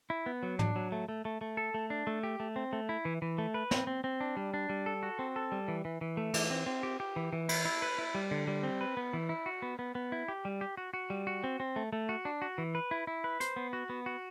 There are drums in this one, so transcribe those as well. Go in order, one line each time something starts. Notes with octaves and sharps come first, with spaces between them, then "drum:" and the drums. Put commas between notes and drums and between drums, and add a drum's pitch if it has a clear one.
E4
B3
F#3
D4, drum: tom
F#3
A3
A3
A3
A3
A4
A3
D4
A3
G4
A3
C4
A3
E4
E3
E3
A3
B4
C4, drum: snare
C4
C4
D4
G3
D4
G3
A4
F#4
C4
A4
G3
E3
E3
E3
A3
E3, drum: cymbal
C4
C4
G4
G4
E3
E3
E4, drum: cymbal
E4
B4
E4
G3
D3
G3
C4
B4
B3
E3
E4
F#4
B3
B3
B3
E4
G4
G3
G4
F#4
F#4
G3
F#4
C4
C4
A3
A3
F#4
D4
F#4
E3
B4
E4
E4
B4
C5, drum: hi-hat
B3
F#4
B3
F#4